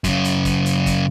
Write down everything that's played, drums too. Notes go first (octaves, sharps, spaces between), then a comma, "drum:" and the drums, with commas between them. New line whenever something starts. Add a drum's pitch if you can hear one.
F#2 C#3, drum: kick, hi-hat
drum: hi-hat
drum: kick, hi-hat
drum: hi-hat
drum: kick, hi-hat